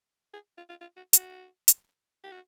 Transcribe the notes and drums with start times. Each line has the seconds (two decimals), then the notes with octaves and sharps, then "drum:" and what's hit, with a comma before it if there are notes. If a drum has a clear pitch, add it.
0.34 G#4
0.57 F4
0.69 F4
0.81 F4
0.97 F#4
1.13 F#4, drum: hi-hat
1.68 drum: hi-hat
2.24 G4
2.32 F#4